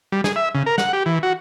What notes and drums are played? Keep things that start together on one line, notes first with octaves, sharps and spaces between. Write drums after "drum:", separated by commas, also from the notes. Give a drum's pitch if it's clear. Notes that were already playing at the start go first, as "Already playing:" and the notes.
G3
G#4, drum: snare
E5
C#3
A#4
F#5, drum: snare
G4
E3
F#4